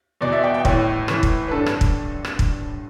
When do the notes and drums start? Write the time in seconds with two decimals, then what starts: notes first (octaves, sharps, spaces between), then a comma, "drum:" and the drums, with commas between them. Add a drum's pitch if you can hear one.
0.21 E2 B2 D5
0.32 E5
0.44 G5
0.54 G5
0.65 A2 E3 C#5, drum: kick
1.08 A2 E3, drum: rim click
1.23 drum: kick
1.48 B4
1.51 G2 D3 A4
1.66 drum: rim click
1.81 drum: kick
2.25 drum: rim click
2.39 drum: kick